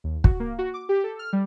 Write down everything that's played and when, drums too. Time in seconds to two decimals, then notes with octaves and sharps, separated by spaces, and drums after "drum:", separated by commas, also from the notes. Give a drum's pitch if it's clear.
0.04 D#2
0.24 F#4, drum: kick
0.40 A#3
0.59 F#4
0.74 D6
0.89 G4
1.04 A4
1.19 F6
1.33 G3